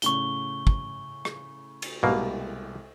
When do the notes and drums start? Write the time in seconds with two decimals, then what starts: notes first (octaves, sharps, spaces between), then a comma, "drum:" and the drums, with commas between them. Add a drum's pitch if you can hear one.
0.02 A2 C#3 C#6 G7, drum: hi-hat
0.67 drum: kick
1.25 drum: rim click
1.82 drum: cymbal
2.03 C2 B2 G#3 A#3 G4